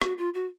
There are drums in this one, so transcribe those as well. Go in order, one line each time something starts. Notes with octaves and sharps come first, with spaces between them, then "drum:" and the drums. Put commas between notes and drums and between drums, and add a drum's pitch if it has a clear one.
F#4, drum: rim click
F4
F#4